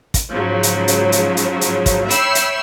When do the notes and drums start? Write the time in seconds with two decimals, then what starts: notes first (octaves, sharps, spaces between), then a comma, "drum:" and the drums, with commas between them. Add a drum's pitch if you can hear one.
0.14 drum: kick, hi-hat
0.32 G#2 C#3 F3 F#3
0.63 drum: hi-hat
0.88 drum: hi-hat
1.12 drum: hi-hat
1.37 drum: hi-hat
1.61 drum: hi-hat
1.86 drum: kick, hi-hat
2.10 C#5 E5 G5 B5 E6 C7, drum: hi-hat
2.35 drum: hi-hat